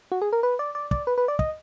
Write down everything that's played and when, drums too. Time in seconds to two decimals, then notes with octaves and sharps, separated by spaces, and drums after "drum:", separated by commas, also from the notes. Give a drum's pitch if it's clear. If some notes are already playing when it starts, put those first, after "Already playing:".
0.12 F#4
0.22 G#4
0.33 A#4
0.43 B4
0.59 D5
0.75 D5
0.91 D5, drum: kick
1.07 B4
1.18 B4
1.28 D5
1.39 D#5, drum: kick